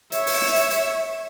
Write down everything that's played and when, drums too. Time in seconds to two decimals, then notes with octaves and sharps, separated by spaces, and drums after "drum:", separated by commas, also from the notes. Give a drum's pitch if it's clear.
0.12 C#5 E5, drum: hi-hat
0.27 drum: open hi-hat
0.41 drum: snare
0.56 drum: hi-hat
0.71 drum: hi-hat